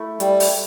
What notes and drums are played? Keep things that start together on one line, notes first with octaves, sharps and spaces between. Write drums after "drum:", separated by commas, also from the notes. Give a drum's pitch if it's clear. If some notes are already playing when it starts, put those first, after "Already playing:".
Already playing: A3 E4
G3, drum: hi-hat
drum: open hi-hat